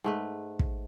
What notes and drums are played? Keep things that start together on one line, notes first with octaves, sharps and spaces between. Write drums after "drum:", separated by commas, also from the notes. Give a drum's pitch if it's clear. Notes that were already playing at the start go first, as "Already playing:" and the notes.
G#2 A3 B4
drum: kick